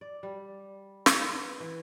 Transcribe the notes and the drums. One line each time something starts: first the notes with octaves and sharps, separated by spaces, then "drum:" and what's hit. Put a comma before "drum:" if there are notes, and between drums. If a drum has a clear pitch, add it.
D5
G3
drum: snare
B3
E3